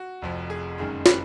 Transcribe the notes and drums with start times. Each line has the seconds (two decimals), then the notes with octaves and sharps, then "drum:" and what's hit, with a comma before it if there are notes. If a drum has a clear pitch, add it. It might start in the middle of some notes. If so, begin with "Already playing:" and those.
Already playing: F#4
0.22 F1 F2 F3
0.50 G#4
0.78 F#1 F#2 D#3 G#3
1.06 B4, drum: snare